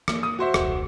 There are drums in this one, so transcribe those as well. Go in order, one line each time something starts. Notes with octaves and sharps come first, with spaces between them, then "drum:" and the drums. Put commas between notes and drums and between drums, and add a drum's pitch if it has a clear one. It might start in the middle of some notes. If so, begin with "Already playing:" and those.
A#3, drum: rim click
D#6
F#4 C5 E5
E1 C#2, drum: rim click